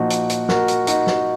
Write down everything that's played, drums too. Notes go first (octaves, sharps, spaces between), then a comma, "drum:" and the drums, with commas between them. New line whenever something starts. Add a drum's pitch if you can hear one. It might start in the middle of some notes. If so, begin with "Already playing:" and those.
Already playing: A#2 F3 D#4 F#4
drum: hi-hat
drum: hi-hat
F#4 A#4, drum: snare
drum: hi-hat
D#4 F#4, drum: hi-hat
drum: snare